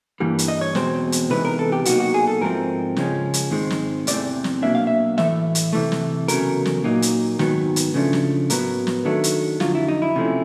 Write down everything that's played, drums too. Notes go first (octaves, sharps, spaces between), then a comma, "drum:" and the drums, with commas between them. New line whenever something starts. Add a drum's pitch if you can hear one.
G2 E3 G3 A#3
drum: hi-hat
D#5
C#5
E2 B2 G#3 C4 C5, drum: snare
drum: hi-hat
C3 E3 G#3 B3 D#4 B4
A#4
A4
G4
B2 F#3 A#3 D#4 F#4, drum: hi-hat
F#4
G#4
A4
G#2 F3 A3 C4 A#4
C#3 F3 G#3 C#4, drum: snare
drum: hi-hat
G#2 D#3 G#3 C4
drum: snare
E2 C3 E3 A3 C4 D5, drum: hi-hat
drum: snare
B2 F#3 A#3 D4 E5
F5
E5
A2 E3 A3 E5, drum: snare
drum: hi-hat
C3 E3 A3
drum: snare
E2 C#3 F#3 A3 A#4, drum: hi-hat
drum: snare
A#2 F#3 A#3 D#4
drum: hi-hat
G#2 D#3 F#3 B3, drum: snare
drum: hi-hat
C#3 F3 A3 D4
drum: snare
A2 F#3 B3 A#4, drum: hi-hat
drum: snare
D#3 F#3 A3 D4
drum: hi-hat
F2 D3 F#3 F4, drum: snare
E4
D#4
E4
C3 F3 A3 C#4